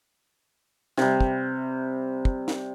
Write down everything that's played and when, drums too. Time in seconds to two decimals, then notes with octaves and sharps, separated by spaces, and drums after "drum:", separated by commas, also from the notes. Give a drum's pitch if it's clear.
0.97 C3 G3, drum: snare
1.21 drum: kick
2.25 drum: kick
2.48 drum: snare